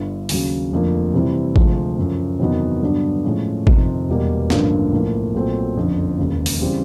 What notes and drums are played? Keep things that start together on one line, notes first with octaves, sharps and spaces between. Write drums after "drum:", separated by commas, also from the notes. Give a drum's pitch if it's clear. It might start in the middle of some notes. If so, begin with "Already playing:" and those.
Already playing: G1 G2 D3
D#2 C#3 F#3, drum: open hi-hat
F1 F2 D3 F3 A#3
C3 E3 G3 C4 E4
D2 C3 F3 G#3, drum: kick
F#2 C#3 F3
E2 C3 D#3 F#3 B3
G2 D3 F#3 B3 D4
A2 F3 G#3 C#4
F2 C3 D#3, drum: kick
E1 E2 B2 G3 A#3
A1 G2 D3 F3 A#3, drum: snare
B1 A2 F3 A#3
B1 A#2 F#3 A3 C4
F#1 F2 D3 F3
E1 D#2 C#3
drum: open hi-hat
C#3 E3 G3 C4